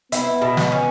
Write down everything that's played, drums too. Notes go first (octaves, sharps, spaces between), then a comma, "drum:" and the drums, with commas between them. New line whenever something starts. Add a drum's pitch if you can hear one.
B3 E4, drum: hi-hat
B2
drum: snare
C#4